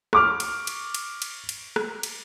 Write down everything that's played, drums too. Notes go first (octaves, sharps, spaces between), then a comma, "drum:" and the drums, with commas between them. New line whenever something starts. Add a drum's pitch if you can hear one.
C#6 D6 F6, drum: rim click
drum: cymbal
drum: cymbal
drum: cymbal
drum: cymbal
drum: cymbal
drum: rim click
drum: cymbal